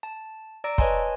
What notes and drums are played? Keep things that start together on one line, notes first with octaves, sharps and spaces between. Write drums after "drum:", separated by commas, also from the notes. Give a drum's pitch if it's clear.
A5
D5 A#5 E6 A#6 D7
B4 C#5 D#5 G#5 A5 C6, drum: kick